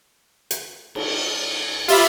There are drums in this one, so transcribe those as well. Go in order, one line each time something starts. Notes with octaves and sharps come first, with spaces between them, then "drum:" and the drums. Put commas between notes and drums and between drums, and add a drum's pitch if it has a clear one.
drum: hi-hat
drum: cymbal
F4 G4 E5 B5, drum: open hi-hat